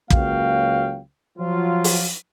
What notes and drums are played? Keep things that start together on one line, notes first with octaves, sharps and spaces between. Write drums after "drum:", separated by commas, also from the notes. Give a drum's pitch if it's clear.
C#2 F#3 A#3 F#4 F5 G5, drum: kick
F3 F#3 F4
drum: open hi-hat